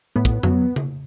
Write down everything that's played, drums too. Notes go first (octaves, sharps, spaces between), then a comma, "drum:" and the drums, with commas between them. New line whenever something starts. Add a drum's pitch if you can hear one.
A2 B3
drum: kick
F#3, drum: tom F2
drum: tom C#3